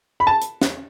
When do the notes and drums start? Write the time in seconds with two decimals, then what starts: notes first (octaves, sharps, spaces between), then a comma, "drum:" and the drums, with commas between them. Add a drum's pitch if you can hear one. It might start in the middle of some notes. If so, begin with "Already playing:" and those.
0.20 B5
0.27 A5
0.41 drum: hi-hat
0.61 drum: snare